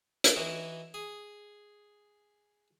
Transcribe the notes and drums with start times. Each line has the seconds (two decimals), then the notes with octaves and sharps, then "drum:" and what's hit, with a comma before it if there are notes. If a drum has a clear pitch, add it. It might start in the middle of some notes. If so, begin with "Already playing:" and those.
0.24 drum: hi-hat
0.36 E3 D#4 E4 F#4
0.94 G#4